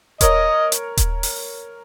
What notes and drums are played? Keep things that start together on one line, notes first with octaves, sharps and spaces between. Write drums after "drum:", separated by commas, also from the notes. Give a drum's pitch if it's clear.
A#4 C#5 D#5, drum: kick D#1, hi-hat
drum: hi-hat
drum: kick D#1, hi-hat
drum: open hi-hat